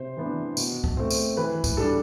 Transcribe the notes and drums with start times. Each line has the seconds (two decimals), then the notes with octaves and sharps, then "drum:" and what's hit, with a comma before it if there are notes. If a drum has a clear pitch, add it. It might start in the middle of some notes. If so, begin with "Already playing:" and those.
Already playing: C3 C5
0.17 E3 B3 D4
0.57 B2, drum: tambourine
0.84 drum: kick C#2
0.97 A3 C4
1.10 drum: tambourine
1.37 E3 B4
1.64 drum: kick C#2, tambourine
1.77 G3 D4 A4